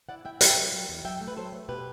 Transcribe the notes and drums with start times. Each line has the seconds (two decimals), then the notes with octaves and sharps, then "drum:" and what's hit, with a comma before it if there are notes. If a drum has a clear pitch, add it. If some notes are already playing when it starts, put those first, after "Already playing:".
0.09 E4 D5 F#5
0.25 E4 E5 G5
0.41 C4 E5 G5, drum: hi-hat
0.57 F#3
0.72 F#3
0.89 E2
1.05 F#3 E5 G5
1.21 A3
1.28 B4
1.36 F#3 A4 C5
1.52 A3
1.69 B2 G4 B4